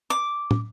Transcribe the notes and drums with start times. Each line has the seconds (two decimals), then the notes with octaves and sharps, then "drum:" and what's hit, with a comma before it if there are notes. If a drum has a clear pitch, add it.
0.10 D6
0.51 drum: tom